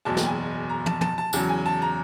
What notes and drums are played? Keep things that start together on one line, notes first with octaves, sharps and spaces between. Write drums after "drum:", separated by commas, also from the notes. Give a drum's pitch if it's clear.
F#1 E2 B2 F#3 A5
G5, drum: snare
G#5
A#5
A5, drum: tom
A5, drum: tom
A5
E2 C#3 F#3 A5, drum: tambourine
G#5
A5
A#5